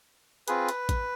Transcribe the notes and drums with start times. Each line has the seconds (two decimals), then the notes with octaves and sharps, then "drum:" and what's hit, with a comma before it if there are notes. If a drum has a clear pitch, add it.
0.48 C4 F4 G#4 B4, drum: hi-hat
0.69 drum: hi-hat
0.89 drum: kick A1, hi-hat